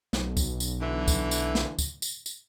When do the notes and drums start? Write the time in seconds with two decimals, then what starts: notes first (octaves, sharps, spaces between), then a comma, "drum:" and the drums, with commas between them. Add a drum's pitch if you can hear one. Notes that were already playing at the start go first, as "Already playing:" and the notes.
0.13 B1, drum: snare
0.37 drum: kick, tambourine
0.60 drum: tambourine
0.81 D3 E3
1.08 drum: kick, tambourine
1.31 drum: tambourine
1.55 drum: snare
1.79 drum: kick, tambourine
2.02 drum: tambourine
2.26 drum: tambourine